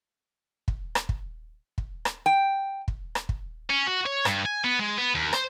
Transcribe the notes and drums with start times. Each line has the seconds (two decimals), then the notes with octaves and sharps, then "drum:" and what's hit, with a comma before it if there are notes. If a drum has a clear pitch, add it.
0.68 drum: kick
0.95 drum: rim click
1.09 drum: kick
1.78 drum: kick
2.05 drum: rim click
2.26 G5
2.88 drum: kick
3.15 drum: rim click
3.29 drum: kick
3.70 C#4
3.87 F#4
4.06 C#5
4.25 G2, drum: rim click
4.46 G#5
4.65 B3
4.80 G#3
4.98 B3
5.14 D#2
5.33 C5, drum: rim click